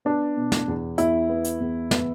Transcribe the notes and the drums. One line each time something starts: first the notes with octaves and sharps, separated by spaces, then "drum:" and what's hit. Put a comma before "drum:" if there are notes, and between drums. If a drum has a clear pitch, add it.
B3 D4
B2
drum: snare
E2
E2 E4, drum: hi-hat
B3
drum: hi-hat
E2
B3, drum: snare